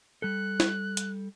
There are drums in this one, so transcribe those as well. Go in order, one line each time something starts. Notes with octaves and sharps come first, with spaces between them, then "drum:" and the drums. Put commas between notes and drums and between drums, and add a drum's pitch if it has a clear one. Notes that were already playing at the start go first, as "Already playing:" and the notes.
G3 A4 F#6
drum: snare
drum: hi-hat